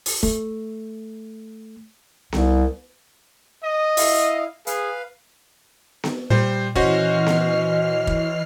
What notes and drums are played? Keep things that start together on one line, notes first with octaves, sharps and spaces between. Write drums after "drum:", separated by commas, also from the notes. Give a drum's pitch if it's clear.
drum: open hi-hat
A3, drum: kick
C2, drum: snare B3
D#5 D#6
E4 F5, drum: open hi-hat
G#4 B4 F5, drum: hi-hat
drum: snare B3
A#2 G3 C5
E3 C#4 F#4 C5 D#5 F6 C7, drum: kick
drum: snare B3
drum: kick